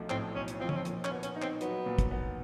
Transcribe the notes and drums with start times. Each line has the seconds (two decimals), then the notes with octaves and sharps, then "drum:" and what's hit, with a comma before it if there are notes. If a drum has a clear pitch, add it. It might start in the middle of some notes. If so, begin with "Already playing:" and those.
Already playing: B1 F3 A3
0.10 A2 C4, drum: clap
0.35 B1 C#4
0.48 drum: hi-hat
0.60 F3 C4
0.69 C#4, drum: tom D3
0.76 C4
0.85 A#2, drum: hi-hat
1.05 C#4, drum: clap
1.11 B3
1.23 C#4, drum: hi-hat
1.36 D#4
1.42 C4, drum: clap
1.61 F#3 B3, drum: hi-hat
1.86 A#2
1.99 drum: kick, hi-hat
2.11 B3